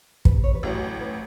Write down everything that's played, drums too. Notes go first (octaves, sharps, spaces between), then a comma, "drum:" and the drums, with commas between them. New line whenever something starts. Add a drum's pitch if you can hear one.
B4, drum: kick
C#5
B4
A1 A2 F#3 C#4 C#5
B4